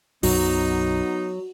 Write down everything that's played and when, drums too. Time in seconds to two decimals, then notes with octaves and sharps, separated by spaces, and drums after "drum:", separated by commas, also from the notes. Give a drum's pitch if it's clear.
0.23 B1 F#2 B2 F#3 B3 D#4 F#4, drum: open hi-hat